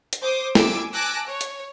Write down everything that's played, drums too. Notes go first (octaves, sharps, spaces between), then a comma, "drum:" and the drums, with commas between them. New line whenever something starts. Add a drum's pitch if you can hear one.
drum: hi-hat
C5 D6 D#6
G#5 D6 E6, drum: snare
G#5 A5 D6 E6 F#6 A#6
C#5
drum: hi-hat